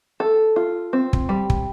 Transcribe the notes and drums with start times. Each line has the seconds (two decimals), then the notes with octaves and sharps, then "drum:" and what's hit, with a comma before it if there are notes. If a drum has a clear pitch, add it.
0.20 A4
0.56 F4
0.93 C4
1.13 drum: kick
1.29 G3
1.50 drum: kick